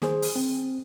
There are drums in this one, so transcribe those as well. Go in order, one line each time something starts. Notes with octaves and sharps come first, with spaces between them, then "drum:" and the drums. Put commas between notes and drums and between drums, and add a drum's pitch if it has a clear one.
D#3 G#4 C5, drum: snare
drum: open hi-hat
C4